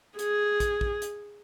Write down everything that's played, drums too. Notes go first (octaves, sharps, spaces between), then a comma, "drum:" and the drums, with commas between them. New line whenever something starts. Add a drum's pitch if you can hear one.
G#4, drum: hi-hat
drum: kick, hi-hat
drum: kick
drum: hi-hat